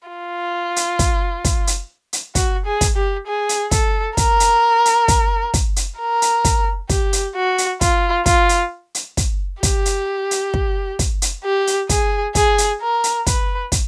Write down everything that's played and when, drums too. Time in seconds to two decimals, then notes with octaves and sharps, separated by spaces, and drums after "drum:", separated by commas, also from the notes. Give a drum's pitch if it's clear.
0.08 F4
0.76 drum: hi-hat
0.99 drum: kick, hi-hat
1.45 drum: kick, hi-hat
1.67 drum: hi-hat
2.13 drum: hi-hat
2.35 F#4, drum: kick, hi-hat
2.66 G#4
2.81 drum: kick, hi-hat
2.96 G4
3.27 G#4
3.49 drum: hi-hat
3.71 A4, drum: kick, hi-hat
4.17 A#4, drum: kick, hi-hat
4.40 drum: hi-hat
4.85 drum: hi-hat
5.08 drum: kick, hi-hat
5.54 drum: kick, hi-hat
5.76 drum: hi-hat
5.98 A#4
6.22 drum: hi-hat
6.45 drum: kick, hi-hat
6.89 G4, drum: kick, hi-hat
7.13 drum: hi-hat
7.36 F#4
7.58 drum: hi-hat
7.81 F4, drum: kick, hi-hat
8.26 F4, drum: kick, hi-hat
8.49 drum: hi-hat
8.95 drum: hi-hat
9.17 drum: kick, hi-hat
9.63 G4, drum: kick, hi-hat
9.85 drum: hi-hat
10.31 drum: hi-hat
10.54 drum: kick
10.99 drum: kick, hi-hat
11.22 drum: hi-hat
11.44 G4
11.67 drum: hi-hat
11.89 G#4, drum: kick, hi-hat
12.35 G#4, drum: kick, hi-hat
12.58 drum: hi-hat
12.82 A#4
13.04 drum: hi-hat
13.27 B4, drum: kick, hi-hat
13.72 drum: kick, hi-hat